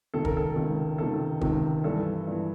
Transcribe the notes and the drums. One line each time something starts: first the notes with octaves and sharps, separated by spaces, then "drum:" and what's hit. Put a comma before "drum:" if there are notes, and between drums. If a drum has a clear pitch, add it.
C#2 C3 D#3 A4
A#4, drum: kick
A4
C#2 C3 D#3
C#2 C3 D#3 A4
C#2 C3 D#3, drum: kick
G2 E3 A4
G2 E3